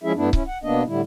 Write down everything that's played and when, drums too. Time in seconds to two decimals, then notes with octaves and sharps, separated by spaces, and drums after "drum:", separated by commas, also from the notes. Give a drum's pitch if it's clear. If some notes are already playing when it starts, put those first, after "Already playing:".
0.03 F3 G#3 C#4 E4 G#4 E5
0.16 G2 A3 B3 D4 E4
0.33 C#4 E4, drum: kick C#1
0.47 F#5
0.63 B2 A#3 B3 D4 D#5
0.87 A2 D3 G3 E4